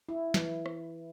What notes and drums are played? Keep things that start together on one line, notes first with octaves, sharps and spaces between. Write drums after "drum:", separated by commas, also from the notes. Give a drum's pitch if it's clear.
E4
E3, drum: snare
drum: rim click